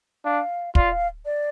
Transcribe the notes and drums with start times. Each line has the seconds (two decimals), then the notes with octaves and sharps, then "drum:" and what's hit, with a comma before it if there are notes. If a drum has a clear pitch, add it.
0.25 D4 F5
0.75 F4 D5, drum: kick
0.92 F5
1.25 D5